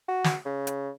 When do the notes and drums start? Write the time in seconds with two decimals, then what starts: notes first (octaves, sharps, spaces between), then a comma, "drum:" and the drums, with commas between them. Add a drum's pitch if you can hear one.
0.09 F#4
0.24 drum: snare
0.46 C#3
0.67 drum: hi-hat